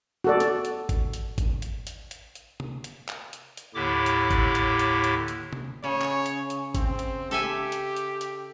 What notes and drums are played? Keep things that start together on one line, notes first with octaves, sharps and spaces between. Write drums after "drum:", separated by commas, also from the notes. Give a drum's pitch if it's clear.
F#4 A4 D5
drum: hi-hat
drum: hi-hat
drum: kick G#1, hi-hat
drum: hi-hat
drum: kick G#1, hi-hat
drum: hi-hat
drum: hi-hat
drum: hi-hat
drum: hi-hat
drum: tom
drum: hi-hat
drum: clap
drum: hi-hat
drum: hi-hat
D#2 A2 D3 E4 G4 D6
drum: hi-hat
drum: kick G#1, hi-hat
drum: hi-hat
drum: hi-hat
drum: hi-hat
drum: hi-hat
drum: tom
C#3 C#5
drum: clap
drum: hi-hat
drum: hi-hat
C4, drum: kick G#1, hi-hat
drum: hi-hat
G4 A4 E5 G#5
drum: hi-hat
drum: hi-hat
drum: hi-hat